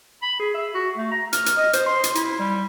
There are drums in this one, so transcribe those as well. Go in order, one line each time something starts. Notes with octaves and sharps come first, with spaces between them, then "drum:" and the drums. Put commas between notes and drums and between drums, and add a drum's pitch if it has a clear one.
B5
G#4
E5
F#4
A3
A#5
F6, drum: hi-hat
drum: hi-hat
D#5
C5, drum: hi-hat
C6
drum: hi-hat
E4, drum: hi-hat
G3